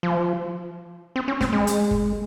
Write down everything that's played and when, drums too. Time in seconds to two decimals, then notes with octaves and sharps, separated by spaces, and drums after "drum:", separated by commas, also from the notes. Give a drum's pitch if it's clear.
0.03 F3
1.16 C4
1.28 C#4
1.41 C4, drum: snare
1.53 G#3
1.67 drum: hi-hat
1.91 drum: kick G1